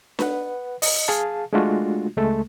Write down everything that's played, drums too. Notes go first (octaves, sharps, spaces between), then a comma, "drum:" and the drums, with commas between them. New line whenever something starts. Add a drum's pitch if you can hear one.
B4 F#5, drum: snare D4
D#5, drum: open hi-hat
G#4 F5 A5
G#3 A3 D4 F4 F#4
C#2 G#3 A3 A4